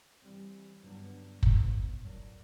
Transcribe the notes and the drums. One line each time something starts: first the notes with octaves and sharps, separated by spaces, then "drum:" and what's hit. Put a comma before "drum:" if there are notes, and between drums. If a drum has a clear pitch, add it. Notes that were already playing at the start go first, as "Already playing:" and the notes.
E3 G3 C4
G2 D3 F#3 B3 D4
A2 F#3 B3 D#4, drum: kick
F#3 A3 D4 F4 A#4